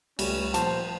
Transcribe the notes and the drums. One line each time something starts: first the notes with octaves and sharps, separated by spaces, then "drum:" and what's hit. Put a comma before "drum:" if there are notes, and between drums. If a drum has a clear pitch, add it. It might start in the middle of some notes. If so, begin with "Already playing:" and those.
C#2 G3 A3 C#4, drum: cymbal
A#2 F3 C5 A5, drum: hi-hat